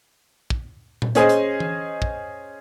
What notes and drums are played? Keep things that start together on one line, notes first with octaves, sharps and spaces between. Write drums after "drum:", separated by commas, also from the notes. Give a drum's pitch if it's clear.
drum: kick
drum: tom A#2
C#4 G#4 C5 D#5, drum: hi-hat
drum: hi-hat
drum: tom E3
drum: kick